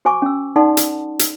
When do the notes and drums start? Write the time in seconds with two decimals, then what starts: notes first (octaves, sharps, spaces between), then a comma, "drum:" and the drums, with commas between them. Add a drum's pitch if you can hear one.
0.05 F#4 C5 G#5 C#6 D6
0.22 C#4 E6
0.56 D#4 A4 D5 F#5 A5 C6
0.77 drum: hi-hat
1.19 drum: hi-hat